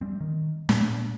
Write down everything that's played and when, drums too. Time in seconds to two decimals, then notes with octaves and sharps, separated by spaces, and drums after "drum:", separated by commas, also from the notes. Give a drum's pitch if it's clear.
0.01 G3 C4
0.21 D#3
0.69 A#2, drum: snare